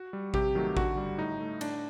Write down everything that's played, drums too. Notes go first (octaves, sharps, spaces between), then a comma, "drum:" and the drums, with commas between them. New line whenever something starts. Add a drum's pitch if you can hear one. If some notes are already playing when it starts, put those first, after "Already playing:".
Already playing: F#4
G3
C3 G4, drum: kick
D#3 F#3 A3
D3 F#4, drum: kick
G3
A2 D#4
A3
A2 D4, drum: cymbal